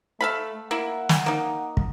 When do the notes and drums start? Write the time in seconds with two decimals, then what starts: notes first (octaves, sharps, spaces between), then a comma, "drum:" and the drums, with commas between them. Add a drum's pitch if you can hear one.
0.21 A3 E5 F5 B5
0.71 A#3 E4 F#5
1.09 drum: snare
1.26 A#3 D#4
1.77 drum: kick